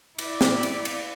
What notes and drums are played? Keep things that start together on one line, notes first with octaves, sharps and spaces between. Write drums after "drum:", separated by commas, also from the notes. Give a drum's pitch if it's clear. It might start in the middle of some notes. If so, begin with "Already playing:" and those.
E4 D5, drum: cymbal
drum: snare
drum: cymbal
drum: cymbal